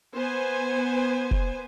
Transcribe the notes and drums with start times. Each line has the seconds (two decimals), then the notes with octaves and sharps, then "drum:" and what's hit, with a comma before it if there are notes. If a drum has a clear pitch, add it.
0.14 B3 C5 G#5
1.31 drum: kick F1